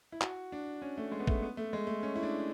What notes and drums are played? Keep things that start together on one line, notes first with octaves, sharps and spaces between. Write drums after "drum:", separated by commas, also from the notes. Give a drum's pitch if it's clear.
E4
F#4, drum: clap
D4
C#4
A3
G#3
B3
A3, drum: kick
B3
A3
G#3
A3
C#4
E4
D4